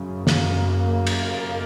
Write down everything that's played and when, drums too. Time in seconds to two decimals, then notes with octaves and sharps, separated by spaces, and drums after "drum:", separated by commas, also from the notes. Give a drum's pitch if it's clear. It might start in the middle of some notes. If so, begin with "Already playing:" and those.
Already playing: F#2 C#3
0.27 A#3, drum: snare
0.85 A#3
1.07 drum: cymbal